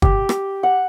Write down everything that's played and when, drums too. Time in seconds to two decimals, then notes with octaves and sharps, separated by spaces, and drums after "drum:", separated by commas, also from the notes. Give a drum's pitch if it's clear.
0.02 G4, drum: kick
0.29 drum: rim click
0.63 F#5